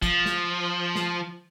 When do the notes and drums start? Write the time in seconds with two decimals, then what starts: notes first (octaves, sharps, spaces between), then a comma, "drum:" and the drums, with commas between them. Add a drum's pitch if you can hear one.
0.02 F3, drum: kick, hi-hat
0.26 drum: snare
0.95 drum: snare